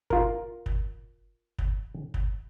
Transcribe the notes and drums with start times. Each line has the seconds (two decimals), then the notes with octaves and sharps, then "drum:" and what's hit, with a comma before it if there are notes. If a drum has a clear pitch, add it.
0.10 F4 A#4, drum: kick
0.66 drum: kick
1.58 drum: kick
2.14 drum: kick